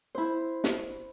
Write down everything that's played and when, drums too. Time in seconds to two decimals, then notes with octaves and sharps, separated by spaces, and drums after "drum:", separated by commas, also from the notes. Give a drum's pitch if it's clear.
0.15 E4 C5
0.64 drum: snare